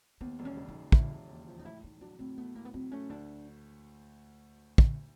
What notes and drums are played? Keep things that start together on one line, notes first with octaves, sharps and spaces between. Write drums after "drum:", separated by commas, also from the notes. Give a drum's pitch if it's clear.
D#2 B3
E1
C#4
C#3
D#4
E1
E1 E4, drum: kick
E1
D#2
F3
D#4
A2 E4
A2 D#4
F#3 D4
A2 C4
A3 B3
A2 A#3
B3
F#3 C4
A3 C#4
D2 D4
drum: kick